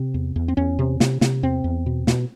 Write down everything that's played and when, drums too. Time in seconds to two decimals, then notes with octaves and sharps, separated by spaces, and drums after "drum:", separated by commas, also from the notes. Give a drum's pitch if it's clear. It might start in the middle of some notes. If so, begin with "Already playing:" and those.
Already playing: C3 C4
0.14 E2
0.36 E2
0.48 C4
0.57 E2 C#4
0.79 C3
1.00 C3, drum: snare
1.21 C3, drum: snare
1.43 E2 C4
1.64 E2
1.86 B2
2.07 B2, drum: snare